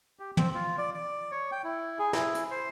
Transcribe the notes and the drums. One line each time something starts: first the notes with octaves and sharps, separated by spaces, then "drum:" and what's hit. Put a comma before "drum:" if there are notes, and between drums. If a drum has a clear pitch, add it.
G4
C4, drum: tom
F4
D5
D5
C#5
G5
E4
G#4
E4, drum: snare
drum: hi-hat
C5